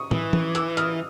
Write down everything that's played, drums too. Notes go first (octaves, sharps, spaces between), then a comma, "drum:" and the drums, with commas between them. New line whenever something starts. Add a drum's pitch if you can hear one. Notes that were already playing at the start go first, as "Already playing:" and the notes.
Already playing: C#6 D#6
E3, drum: tom
drum: tom E3
D6 E6, drum: hi-hat
D#6 F6, drum: hi-hat